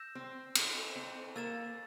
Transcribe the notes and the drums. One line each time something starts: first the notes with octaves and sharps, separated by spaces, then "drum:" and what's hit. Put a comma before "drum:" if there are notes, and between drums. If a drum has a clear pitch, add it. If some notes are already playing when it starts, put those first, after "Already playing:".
Already playing: E6 G6 A#6 E7
C4
C4, drum: cymbal
C4
A#3 E6 A6 E7